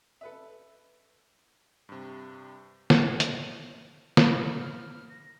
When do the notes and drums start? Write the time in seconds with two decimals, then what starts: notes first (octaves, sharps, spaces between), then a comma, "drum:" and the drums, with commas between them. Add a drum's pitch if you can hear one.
0.21 A4 B4 E5
1.89 G2 C3
2.90 drum: snare
3.20 drum: hi-hat
4.17 B5 F6, drum: snare
5.09 A#6